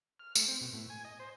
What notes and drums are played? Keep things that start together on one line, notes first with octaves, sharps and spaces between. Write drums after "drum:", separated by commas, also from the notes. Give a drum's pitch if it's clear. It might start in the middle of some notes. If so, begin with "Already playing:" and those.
F6
A3, drum: tambourine
C4
B2
A2
G#5
D#5
C5